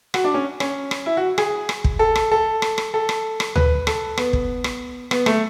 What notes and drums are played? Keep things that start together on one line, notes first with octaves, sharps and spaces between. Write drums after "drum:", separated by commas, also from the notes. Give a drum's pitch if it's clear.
F#4, drum: rim click
D4
C#4
C#4, drum: rim click
drum: rim click
E4
F#4
G#4, drum: rim click
drum: rim click
drum: kick
A4
drum: rim click
A4
drum: rim click
drum: rim click
A4
drum: rim click
drum: rim click
B4, drum: tom D2
A4, drum: rim click
B3, drum: rim click
drum: kick
drum: rim click
B3, drum: rim click
A3, drum: rim click